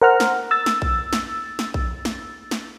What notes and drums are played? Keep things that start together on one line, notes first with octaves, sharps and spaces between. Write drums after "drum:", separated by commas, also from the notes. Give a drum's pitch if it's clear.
A#4 C5 F#5 A#5 F6
drum: snare
E6 A6
drum: snare
drum: kick A#1
drum: snare
drum: snare
drum: kick A#1
drum: snare
drum: snare